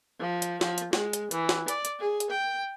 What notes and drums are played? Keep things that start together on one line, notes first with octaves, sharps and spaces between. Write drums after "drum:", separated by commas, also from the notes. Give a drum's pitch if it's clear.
F3
drum: hi-hat
F3, drum: snare
drum: hi-hat
G#3, drum: snare
drum: hi-hat
E3, drum: hi-hat
drum: snare
D5, drum: hi-hat
drum: hi-hat
G#4
drum: hi-hat
G5